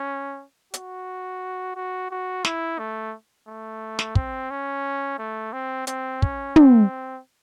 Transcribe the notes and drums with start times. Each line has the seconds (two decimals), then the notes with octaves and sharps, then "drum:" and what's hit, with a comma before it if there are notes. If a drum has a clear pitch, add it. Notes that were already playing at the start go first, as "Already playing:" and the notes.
Already playing: C#4
0.74 F#4, drum: hi-hat
1.76 F#4
2.11 F#4
2.45 E4, drum: snare
2.79 A3
3.48 A3
3.99 drum: snare
4.15 C4, drum: kick
4.51 C#4
5.19 A3
5.53 C4
5.87 C4, drum: hi-hat
6.22 C#4, drum: kick
6.56 C4, drum: tom